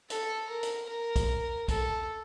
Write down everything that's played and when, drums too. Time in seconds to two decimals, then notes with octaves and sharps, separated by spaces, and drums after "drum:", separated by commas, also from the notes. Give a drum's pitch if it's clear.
0.10 A4, drum: hi-hat
0.50 A#4
0.63 drum: hi-hat
0.89 A#4
1.16 drum: kick, hi-hat
1.68 A4, drum: kick, hi-hat